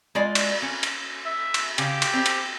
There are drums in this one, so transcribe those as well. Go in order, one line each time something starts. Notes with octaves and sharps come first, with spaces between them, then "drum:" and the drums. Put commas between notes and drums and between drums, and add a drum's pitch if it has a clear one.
G#3 F4 D5
drum: cymbal
C#4
drum: cymbal
E5
drum: cymbal
C#3 G4, drum: cymbal
drum: cymbal
C4
drum: cymbal